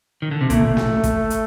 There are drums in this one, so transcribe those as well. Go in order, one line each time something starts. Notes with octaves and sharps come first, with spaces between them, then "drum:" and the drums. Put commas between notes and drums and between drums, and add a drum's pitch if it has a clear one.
D#3
D3
C3
A#2 A3, drum: kick, hi-hat
drum: snare
drum: kick, hi-hat
drum: hi-hat